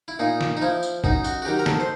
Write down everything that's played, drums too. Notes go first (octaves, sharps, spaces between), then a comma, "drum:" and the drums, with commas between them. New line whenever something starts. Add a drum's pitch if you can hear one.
E4
A#2 D#4
drum: snare
D#4
F3 E4
drum: tambourine
F#2 D#4, drum: kick
F#4, drum: tambourine
F#4
D#3 F#3 G4
A#4
A4, drum: snare
C5